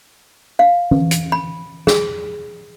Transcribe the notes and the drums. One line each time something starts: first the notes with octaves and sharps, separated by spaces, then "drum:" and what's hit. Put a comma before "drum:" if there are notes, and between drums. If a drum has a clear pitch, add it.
F5
drum: tom
drum: hi-hat
B5
G#4, drum: snare